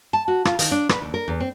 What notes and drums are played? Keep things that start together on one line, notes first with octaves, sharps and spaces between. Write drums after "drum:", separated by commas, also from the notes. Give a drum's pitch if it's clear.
A5
F#4
F4, drum: rim click
D#3, drum: hi-hat
D4
B4, drum: rim click
D#2
A#4
E2
C4